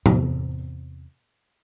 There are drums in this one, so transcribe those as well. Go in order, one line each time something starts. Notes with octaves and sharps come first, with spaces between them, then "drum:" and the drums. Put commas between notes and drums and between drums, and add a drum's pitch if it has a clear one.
E2 C3, drum: tom A2